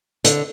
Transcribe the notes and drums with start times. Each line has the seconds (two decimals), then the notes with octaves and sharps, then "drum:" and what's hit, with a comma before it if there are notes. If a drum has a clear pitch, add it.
0.24 D3, drum: hi-hat